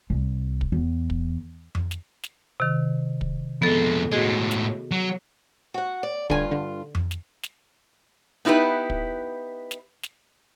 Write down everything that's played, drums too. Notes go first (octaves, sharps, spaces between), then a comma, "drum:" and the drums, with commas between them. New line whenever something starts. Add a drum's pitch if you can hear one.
C2
drum: kick
E2
drum: kick
drum: tom F2
drum: snare
drum: snare
C3 D#3
drum: kick
F2 G#3 B3 A4
A2 G#3 F#4 G#4 D#5
drum: snare
F#3
F#4 F#5
D5
G2 D3 F4 G#5, drum: kick
D3
drum: tom F2
drum: snare
drum: snare
B3 D#4 E4 G4 B4
drum: kick
drum: snare
drum: snare